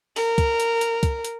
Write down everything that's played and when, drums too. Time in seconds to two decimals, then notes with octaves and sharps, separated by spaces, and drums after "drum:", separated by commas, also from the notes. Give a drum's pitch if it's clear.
0.16 A#4, drum: open hi-hat
0.38 drum: kick, hi-hat
0.60 drum: hi-hat
0.81 drum: hi-hat
1.03 drum: kick, hi-hat
1.24 drum: hi-hat